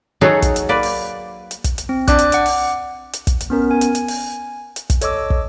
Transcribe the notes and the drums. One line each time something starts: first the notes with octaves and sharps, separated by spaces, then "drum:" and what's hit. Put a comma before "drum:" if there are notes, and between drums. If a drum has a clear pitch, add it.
F#3 D#4 F#4 G#4 A4 C#5
drum: kick, hi-hat
drum: hi-hat
A#3 B4 D5
drum: open hi-hat
drum: hi-hat
drum: kick, hi-hat
drum: hi-hat
C4
D4 D5 D6 F#6, drum: kick, hi-hat
drum: hi-hat
F#5 D6, drum: hi-hat
drum: open hi-hat
drum: hi-hat
drum: kick, hi-hat
drum: hi-hat
B3 C#4 A#4
G#5
drum: hi-hat
drum: hi-hat
drum: open hi-hat
drum: hi-hat
drum: kick, hi-hat
A4 C#5 D#5 D6 E6, drum: hi-hat
drum: kick